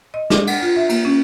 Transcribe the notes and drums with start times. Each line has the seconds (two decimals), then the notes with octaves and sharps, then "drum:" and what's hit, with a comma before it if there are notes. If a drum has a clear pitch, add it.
0.14 D#5
0.30 D4, drum: snare
0.47 F#5, drum: cymbal
0.62 F4
0.76 E5
0.89 A#3, drum: cymbal
1.05 C#4